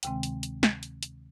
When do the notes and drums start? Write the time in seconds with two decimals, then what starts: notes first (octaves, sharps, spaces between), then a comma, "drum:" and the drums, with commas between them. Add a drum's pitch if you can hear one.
0.03 D2 C3 D#3 G#3 C4 G5, drum: hi-hat
0.23 drum: hi-hat
0.43 drum: hi-hat
0.63 drum: snare
0.83 drum: hi-hat
1.03 drum: hi-hat